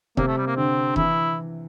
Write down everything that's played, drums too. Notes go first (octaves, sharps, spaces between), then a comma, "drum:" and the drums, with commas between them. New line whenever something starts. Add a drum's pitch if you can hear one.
C3 A#3, drum: kick E1
A3
G3
A#3
D3 C4
E3 E4, drum: kick E1